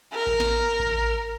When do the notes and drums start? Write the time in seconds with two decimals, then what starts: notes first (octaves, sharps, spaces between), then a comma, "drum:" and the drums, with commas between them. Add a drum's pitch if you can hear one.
0.13 A#4
0.27 drum: kick A1
0.40 drum: snare
0.80 drum: kick A1